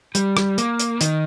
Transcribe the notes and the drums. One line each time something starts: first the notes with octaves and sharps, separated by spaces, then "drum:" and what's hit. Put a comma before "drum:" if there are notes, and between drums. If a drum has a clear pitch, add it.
G3, drum: hi-hat
drum: rim click
A#3, drum: hi-hat
drum: hi-hat
D#3, drum: hi-hat